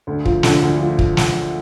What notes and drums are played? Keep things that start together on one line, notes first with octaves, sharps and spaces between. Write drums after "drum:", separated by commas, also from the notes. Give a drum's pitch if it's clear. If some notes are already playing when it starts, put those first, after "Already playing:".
D2
F3, drum: kick
D3, drum: snare
D2
F3
drum: kick
drum: snare